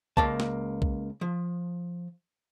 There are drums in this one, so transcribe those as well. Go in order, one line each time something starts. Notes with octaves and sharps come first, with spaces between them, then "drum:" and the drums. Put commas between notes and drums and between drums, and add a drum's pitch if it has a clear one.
C#2 A#3 A5, drum: kick B1
drum: snare
drum: kick B1
F3